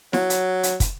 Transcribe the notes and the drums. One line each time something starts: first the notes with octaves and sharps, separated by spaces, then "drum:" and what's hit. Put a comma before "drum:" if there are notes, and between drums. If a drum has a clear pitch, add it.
F#3, drum: snare E4
drum: hi-hat
drum: hi-hat
drum: kick, hi-hat